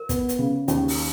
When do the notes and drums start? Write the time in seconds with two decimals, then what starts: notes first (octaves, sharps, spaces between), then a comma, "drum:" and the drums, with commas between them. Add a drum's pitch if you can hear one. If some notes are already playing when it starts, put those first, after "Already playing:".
Already playing: A#4
0.09 B3, drum: kick, hi-hat
0.29 drum: hi-hat
0.39 C#3
0.68 D#2 C#4, drum: hi-hat
0.88 drum: open hi-hat